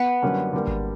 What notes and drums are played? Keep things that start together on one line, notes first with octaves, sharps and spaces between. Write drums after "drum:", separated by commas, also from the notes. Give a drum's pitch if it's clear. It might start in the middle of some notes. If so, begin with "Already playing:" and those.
Already playing: B3 B4
F#2 D3 G3 A#3 C#4
D3 G3 A#3
drum: kick G#1